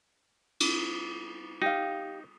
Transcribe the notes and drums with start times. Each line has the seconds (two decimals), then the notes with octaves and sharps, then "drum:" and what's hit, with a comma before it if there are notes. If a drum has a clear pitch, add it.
0.60 drum: cymbal
1.62 D#4 G4 F5